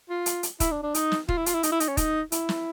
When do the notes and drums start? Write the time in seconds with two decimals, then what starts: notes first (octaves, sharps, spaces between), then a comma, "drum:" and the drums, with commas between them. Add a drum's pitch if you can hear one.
0.10 F4
0.26 drum: hi-hat
0.43 drum: hi-hat
0.60 E4, drum: kick, hi-hat
0.72 D4
0.83 D4
0.94 D#4, drum: hi-hat
1.12 drum: snare
1.29 F4, drum: kick
1.37 E4
1.46 F4, drum: hi-hat
1.54 E4
1.63 D#4, drum: hi-hat
1.72 E4
1.80 D#4, drum: hi-hat
1.88 C#4
1.97 D#4, drum: kick, hi-hat
2.32 E4, drum: hi-hat
2.49 drum: snare